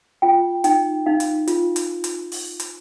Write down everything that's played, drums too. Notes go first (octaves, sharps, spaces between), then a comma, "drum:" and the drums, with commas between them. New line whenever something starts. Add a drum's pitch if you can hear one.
F4 G5
D#4 G5, drum: hi-hat
D#4 F5
drum: hi-hat
F4, drum: hi-hat
drum: hi-hat
drum: hi-hat
drum: open hi-hat
drum: hi-hat